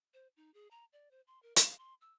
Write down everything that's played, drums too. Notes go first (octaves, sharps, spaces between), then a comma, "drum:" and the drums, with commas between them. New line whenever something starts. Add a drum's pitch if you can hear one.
C5
D#4
G#4
A#5
D5
C5
C6
A#4
F5, drum: hi-hat
C6
E6